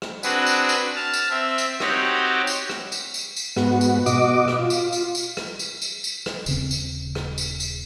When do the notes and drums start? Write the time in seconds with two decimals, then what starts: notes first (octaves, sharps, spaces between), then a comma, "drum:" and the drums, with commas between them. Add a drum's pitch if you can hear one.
0.02 drum: rim click
0.23 C4 D4 F#4 G#4 B4, drum: tambourine
0.47 drum: tambourine
0.69 drum: tambourine
0.96 A5 F6
1.13 drum: tambourine
1.30 C4 E5
1.58 drum: tambourine
1.80 C4 D#4 F#4 G4 C#5, drum: rim click
2.47 drum: tambourine
2.70 drum: rim click
2.92 drum: tambourine
3.14 drum: tambourine
3.36 drum: tambourine
3.57 G#2 B3 F#4, drum: rim click
3.81 drum: tambourine
4.06 B2 F#4 D#5 D6, drum: tambourine
4.48 drum: rim click
4.59 F4
4.70 drum: tambourine
4.92 drum: tambourine
5.15 drum: tambourine
5.37 drum: rim click
5.59 drum: tambourine
5.82 drum: tambourine
6.04 drum: tambourine
6.26 drum: rim click
6.46 D#1 C#3 C4, drum: tambourine
6.71 drum: tambourine
7.15 drum: rim click
7.38 drum: tambourine
7.60 drum: tambourine